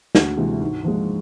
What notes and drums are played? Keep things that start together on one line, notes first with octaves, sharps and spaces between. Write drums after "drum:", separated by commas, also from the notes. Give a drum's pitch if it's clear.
D2 F#4, drum: snare
C3 E3 G#3
G#2
F3 G#3